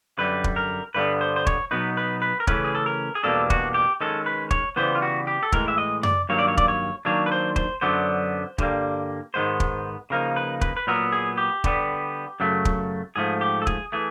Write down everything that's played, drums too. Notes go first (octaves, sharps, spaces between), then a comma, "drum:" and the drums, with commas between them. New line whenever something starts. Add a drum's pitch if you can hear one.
F#2 D3 G3 B4
drum: kick
A#4
G2 D3 G3 B3 D4 B4
C5
C5
C#5, drum: kick
B2 F#3 B3 D#4 B4
B4
B4
A#4
C#3 E3 A3 C#4 B4, drum: kick
G#4
A4
A#4
G#4
E2 B2 G3 A#3 D4 A4
F#4, drum: kick
G4
D#3 G#3 C#4 A4
B4
C#5, drum: kick
C#3 E3 G3 B3 C5
F4
F#4
G4
A4
A2 E3 G#3 A#4, drum: kick
E5
D#5
D5, drum: tom F#2
G2 D#3 F#3 A#3 C#5
D5
C#5
D5, drum: kick
C#5
D#3 F#3 A#3 D4 C#5
B4
C5
C5, drum: kick
F#2 D3 F#3 B3 D4 C5
G2 D3 G3 A#3, drum: kick
G#2 D#3 G#3 B3 C5
drum: kick
C#3 F3 A#3 D#4 A#4
B4
B4, drum: kick
B4
A#2 F#3 B3 A#4
G#4
G4
D3 G3 B3, drum: kick
F#2 C#3 F#3 A3
drum: kick
G#2 F3 A3 G#4
G4
A4
G#4, drum: kick
E3 A3 G#4